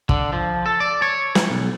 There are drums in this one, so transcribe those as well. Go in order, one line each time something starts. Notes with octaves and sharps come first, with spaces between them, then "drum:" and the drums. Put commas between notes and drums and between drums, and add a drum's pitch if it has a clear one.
D3, drum: kick
F3
A4
D5
C#5
drum: snare
B1